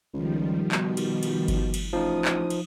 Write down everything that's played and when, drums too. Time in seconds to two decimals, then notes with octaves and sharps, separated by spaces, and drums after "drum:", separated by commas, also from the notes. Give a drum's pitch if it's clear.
0.13 C#2 D#3 F3 G3
0.72 B2, drum: clap
0.97 drum: cymbal
1.23 drum: cymbal
1.48 drum: kick G1, cymbal
1.74 drum: cymbal
1.93 A1 F3 D#4 D#6
2.25 drum: clap
2.50 drum: cymbal